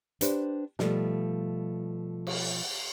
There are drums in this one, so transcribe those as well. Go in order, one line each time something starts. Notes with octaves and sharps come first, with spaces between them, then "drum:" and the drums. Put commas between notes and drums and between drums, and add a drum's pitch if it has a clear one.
D4 G4 B4 C5, drum: hi-hat
B2 F3 G3 A3, drum: snare
drum: cymbal